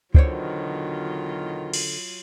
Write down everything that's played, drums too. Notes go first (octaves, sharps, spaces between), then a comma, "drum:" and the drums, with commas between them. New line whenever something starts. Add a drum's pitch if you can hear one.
E2 B2 D3 D#3 F#3 F4 C5 C#5, drum: kick
drum: cymbal